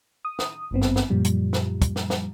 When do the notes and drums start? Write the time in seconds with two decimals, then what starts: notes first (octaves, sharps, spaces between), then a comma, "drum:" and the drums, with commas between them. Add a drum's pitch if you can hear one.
0.25 D#6
0.39 drum: snare
0.71 G#1 G2 B3 C4
0.82 drum: snare
0.96 drum: snare
1.10 F#2 A#2 F3 G3
1.24 drum: hi-hat
1.53 drum: snare
1.82 drum: kick, hi-hat
1.96 drum: snare
2.10 drum: snare